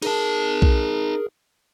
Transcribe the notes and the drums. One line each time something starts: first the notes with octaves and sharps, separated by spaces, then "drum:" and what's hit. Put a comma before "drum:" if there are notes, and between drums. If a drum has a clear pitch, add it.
D#4 G#4 A#4 A5, drum: cymbal
drum: kick B1